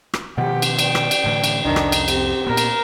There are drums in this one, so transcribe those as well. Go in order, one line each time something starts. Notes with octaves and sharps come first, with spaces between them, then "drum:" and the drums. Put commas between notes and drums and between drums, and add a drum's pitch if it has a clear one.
drum: rim click
B2 D#3 F3 G4 F#5
drum: cymbal
D5 G5, drum: cymbal
drum: rim click
drum: cymbal
A2 D3 E3
drum: cymbal
C2 F2 D#3 D4
drum: rim click
drum: cymbal
C4 G4, drum: cymbal
A#2 B3 A#4
drum: cymbal